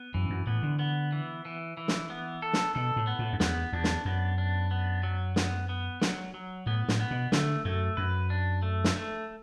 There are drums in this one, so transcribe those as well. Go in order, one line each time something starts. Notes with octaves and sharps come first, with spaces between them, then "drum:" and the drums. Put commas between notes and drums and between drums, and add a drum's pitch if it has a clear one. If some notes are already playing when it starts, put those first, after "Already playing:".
Already playing: B3
F#2 E3
F#2
A2 B3
D3
B3
E3
E3
E3
drum: snare
B3
A4
drum: snare
B2 A4
A2
B3
A2
F#2
E2 B3, drum: snare
E2 D4
drum: snare
F#2 B3
D4
B3
F#3
B3, drum: snare
B3
F#3, drum: snare
F#3
A2 B3
A2, drum: snare
B3
B2
D3 A3, drum: snare
F#2 A3
F#2 B4
D4
A3
drum: snare
A3